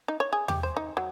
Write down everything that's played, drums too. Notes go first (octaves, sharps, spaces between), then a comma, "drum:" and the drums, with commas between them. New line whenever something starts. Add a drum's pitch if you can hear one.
D#4
C#5
G#4
G4, drum: tom E2
C5
D#4
F#3